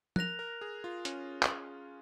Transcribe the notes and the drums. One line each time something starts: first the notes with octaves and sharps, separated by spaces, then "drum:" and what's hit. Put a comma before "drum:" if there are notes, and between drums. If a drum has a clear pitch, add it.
A#4 F#6 A#6 F7, drum: tom
A#4
G#4
F4
C#4, drum: hi-hat
drum: clap